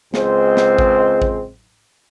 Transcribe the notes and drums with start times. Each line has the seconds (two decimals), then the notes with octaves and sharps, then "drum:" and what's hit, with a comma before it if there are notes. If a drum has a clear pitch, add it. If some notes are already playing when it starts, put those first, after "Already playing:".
0.14 C#2 G#3 C4 C5, drum: snare
0.57 drum: snare
0.78 drum: kick A1
1.22 drum: kick A1